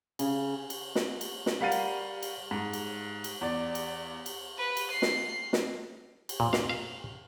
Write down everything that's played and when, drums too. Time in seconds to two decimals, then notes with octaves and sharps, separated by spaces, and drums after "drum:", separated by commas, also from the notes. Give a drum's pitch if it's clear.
0.19 C#3, drum: cymbal
0.70 drum: cymbal
0.95 drum: snare
1.21 drum: cymbal
1.46 drum: snare
1.61 G3 A#4 F5 F#5 A6 D#7
1.72 drum: cymbal
2.23 drum: cymbal
2.51 G#2
2.73 drum: cymbal
3.24 drum: cymbal
3.41 E2 D5
3.75 drum: cymbal
4.26 drum: cymbal
4.58 B4
4.77 drum: cymbal
4.91 C7
5.02 drum: snare
5.53 drum: snare
6.29 drum: cymbal
6.40 A#2
6.53 F5, drum: snare
6.69 F5